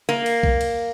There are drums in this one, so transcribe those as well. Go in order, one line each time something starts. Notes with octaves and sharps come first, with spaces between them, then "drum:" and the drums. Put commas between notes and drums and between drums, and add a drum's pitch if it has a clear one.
A#3
drum: cymbal
drum: kick B1
drum: cymbal